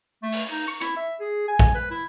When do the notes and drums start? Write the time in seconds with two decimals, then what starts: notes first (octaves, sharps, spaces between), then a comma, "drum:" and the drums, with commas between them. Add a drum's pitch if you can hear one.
0.23 A3
0.32 drum: open hi-hat
0.51 D#4
0.67 C#6
0.81 E4, drum: hi-hat
0.97 E5
1.20 G#4
1.48 G#5
1.59 drum: kick
1.74 B4
1.90 E4